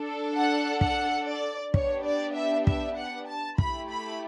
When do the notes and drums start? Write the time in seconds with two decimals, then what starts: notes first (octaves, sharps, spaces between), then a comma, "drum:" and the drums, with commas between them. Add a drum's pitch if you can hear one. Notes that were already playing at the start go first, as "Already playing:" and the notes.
Already playing: D4 A4
0.35 F#5
0.81 F#5, drum: kick
1.27 D5
1.74 B3 D4 G4 C#5, drum: kick
2.04 D5
2.35 E5
2.67 E5, drum: kick
2.97 F#5
3.28 A5
3.58 A3 E4 G4 B5, drum: kick
3.90 B5